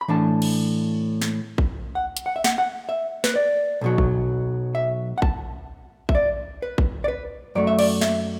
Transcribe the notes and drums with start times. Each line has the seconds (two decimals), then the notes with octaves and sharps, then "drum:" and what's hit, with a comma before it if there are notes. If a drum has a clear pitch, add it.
0.01 B5
0.08 A2 E3 D4 A5
0.42 drum: cymbal
1.22 drum: snare
1.58 drum: kick A1
1.95 F#5
2.17 drum: hi-hat
2.26 F#5
2.36 E5
2.44 F#5, drum: snare
2.58 F#5
2.89 E5
3.24 B4, drum: snare
3.36 D5
3.81 B1 B2 F#3
3.98 drum: kick A1
4.75 E5
5.18 F#5
5.22 A5, drum: kick A1
6.09 E5, drum: kick A1
6.15 D5
6.62 B4
6.78 drum: kick A1
7.04 D5
7.08 B4
7.55 F#2 F#3 A3 D5
7.67 E5
7.79 D5, drum: cymbal
8.01 E5, drum: snare